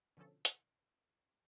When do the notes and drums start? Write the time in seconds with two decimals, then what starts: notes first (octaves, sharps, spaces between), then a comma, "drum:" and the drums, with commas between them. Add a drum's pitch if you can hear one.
0.17 B2 D3 F3 C#4 A4
0.45 drum: hi-hat